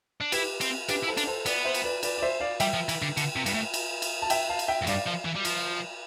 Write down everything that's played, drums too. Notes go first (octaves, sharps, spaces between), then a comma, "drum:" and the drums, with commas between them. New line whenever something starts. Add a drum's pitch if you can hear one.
D4
E4 G4 B4, drum: cymbal
C4, drum: cymbal
D4 G4 B4, drum: cymbal
E4
A4 C5
D4, drum: cymbal
A4 C5
B3 B4 D5, drum: cymbal
C5 E5
drum: cymbal
B4 D5
B4 D5, drum: cymbal
D5
C5 E5
D5 F5
G3 E5 G5, drum: cymbal
F3
E3, drum: cymbal
D3
D3, drum: cymbal
C3
G2, drum: cymbal
A2
drum: cymbal
drum: cymbal
A5
E5 G5, drum: cymbal
F5 A5
drum: cymbal
E5 G5
F2
G2 D5 F5, drum: cymbal
F3
E3
G3
F3, drum: cymbal